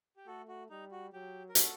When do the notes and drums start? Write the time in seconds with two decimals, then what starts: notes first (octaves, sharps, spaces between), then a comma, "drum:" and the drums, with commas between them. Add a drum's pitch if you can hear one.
0.17 G4
0.27 A3 F#4 A4
0.48 F#4
0.70 G3 D#4
0.92 F#4
1.13 F#3 G4
1.49 A#4
1.55 F#4 A4, drum: hi-hat